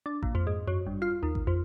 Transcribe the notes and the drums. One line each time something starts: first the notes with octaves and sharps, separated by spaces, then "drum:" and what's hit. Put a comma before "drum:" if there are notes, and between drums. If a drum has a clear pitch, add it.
D4
A#1, drum: kick A1
F2
G#2
F#2
G1
F4
D#2
drum: kick A1
F2